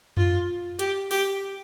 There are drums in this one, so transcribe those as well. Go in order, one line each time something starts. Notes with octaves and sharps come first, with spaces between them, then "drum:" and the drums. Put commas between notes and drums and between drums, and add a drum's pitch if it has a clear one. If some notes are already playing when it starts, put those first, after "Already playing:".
F4, drum: tom F#2
G4, drum: hi-hat
G4, drum: open hi-hat